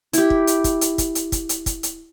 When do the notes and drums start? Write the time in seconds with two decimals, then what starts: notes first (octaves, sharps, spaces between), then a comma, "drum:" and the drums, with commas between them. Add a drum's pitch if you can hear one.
0.13 E4 G4, drum: hi-hat
0.30 drum: kick
0.47 drum: hi-hat
0.64 drum: kick, hi-hat
0.81 drum: hi-hat
0.98 drum: kick, hi-hat
1.15 drum: hi-hat
1.32 drum: kick, hi-hat
1.49 drum: hi-hat
1.66 drum: kick, hi-hat
1.83 drum: hi-hat